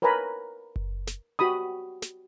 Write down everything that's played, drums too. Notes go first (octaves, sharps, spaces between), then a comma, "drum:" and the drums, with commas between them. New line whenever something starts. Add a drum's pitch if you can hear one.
A#4 B4 C#5 G#5 A#5 B5
drum: kick F#1
drum: snare
F#4 G4 B5 D#6
drum: snare